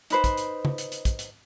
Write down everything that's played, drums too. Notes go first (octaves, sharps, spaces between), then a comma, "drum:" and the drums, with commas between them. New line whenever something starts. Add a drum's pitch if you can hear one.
D#4 B4 C5, drum: hi-hat
drum: kick, hi-hat
drum: hi-hat
drum: tom C#3
drum: hi-hat
drum: hi-hat
drum: kick, hi-hat
drum: hi-hat